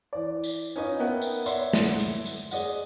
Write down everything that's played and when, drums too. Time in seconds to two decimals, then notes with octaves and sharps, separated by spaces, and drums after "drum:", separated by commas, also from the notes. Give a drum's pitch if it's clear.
0.13 E3 D5
0.44 drum: tambourine
0.76 C#4 D#4 F4 B4 D#5
1.00 A#3 B3 E5 F#5 G5
1.21 drum: tambourine
1.46 C#5 D5 E5 F#5 C6, drum: tambourine
1.73 drum: snare
1.99 drum: tambourine
2.25 drum: tambourine
2.51 G#4 D5 D#5 F#5, drum: tambourine